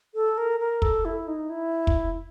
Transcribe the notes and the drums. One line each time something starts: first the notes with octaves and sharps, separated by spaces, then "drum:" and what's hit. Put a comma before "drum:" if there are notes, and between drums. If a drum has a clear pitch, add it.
A4
A#4
A#4
A4, drum: kick
E4
D#4
E4
drum: kick